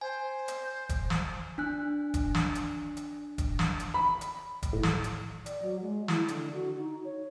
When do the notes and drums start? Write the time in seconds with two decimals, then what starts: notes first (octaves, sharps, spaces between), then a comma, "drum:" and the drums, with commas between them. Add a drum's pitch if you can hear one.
0.01 C5 G#5
0.48 drum: hi-hat
0.89 drum: kick E1, hi-hat
1.10 drum: snare
1.58 D4 G#5 F#6
2.14 drum: kick E1, hi-hat
2.34 drum: snare
2.55 drum: hi-hat
2.97 drum: hi-hat
3.38 drum: kick E1, hi-hat
3.59 drum: snare
3.80 drum: hi-hat
3.94 B5
4.21 drum: hi-hat
4.63 drum: kick E1, hi-hat
4.73 A2
4.83 drum: snare
5.04 drum: hi-hat
5.46 D5, drum: hi-hat
5.62 F#3
5.81 G#3
6.08 E4, drum: snare
6.28 D3, drum: hi-hat
6.54 F#4
6.78 D#4
7.05 C#5